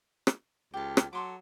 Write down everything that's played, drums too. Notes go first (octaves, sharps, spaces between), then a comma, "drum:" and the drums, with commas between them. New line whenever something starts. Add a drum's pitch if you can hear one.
drum: rim click
C#2 G4 A5
drum: rim click
F#3 A4 C6 D6